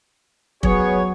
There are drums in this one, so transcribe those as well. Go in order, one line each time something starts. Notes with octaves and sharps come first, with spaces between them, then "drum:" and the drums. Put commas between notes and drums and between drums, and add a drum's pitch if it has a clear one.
F#3 B3 G#4 C#5, drum: kick